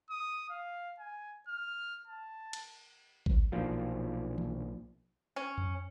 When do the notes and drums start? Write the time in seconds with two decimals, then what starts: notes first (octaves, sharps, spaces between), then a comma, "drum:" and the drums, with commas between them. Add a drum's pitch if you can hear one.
0.10 D#6
0.50 F5
0.99 G#5
1.48 F6
2.07 A5
2.53 drum: cymbal
3.26 drum: kick G#1
3.52 B1 A#2 F3
4.38 drum: tom D#3
5.36 C#4
5.58 drum: tom F2